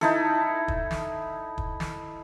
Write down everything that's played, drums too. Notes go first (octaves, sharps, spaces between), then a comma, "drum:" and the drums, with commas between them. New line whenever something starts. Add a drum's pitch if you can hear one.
D#4 E4 A4, drum: snare
drum: kick
drum: snare
drum: kick
drum: snare